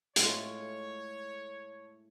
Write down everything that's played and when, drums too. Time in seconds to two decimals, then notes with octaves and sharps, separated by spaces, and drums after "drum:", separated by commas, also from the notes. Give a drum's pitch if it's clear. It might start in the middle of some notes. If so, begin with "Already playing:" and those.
0.16 A2 G#3 A3 F4 C#5 D7, drum: hi-hat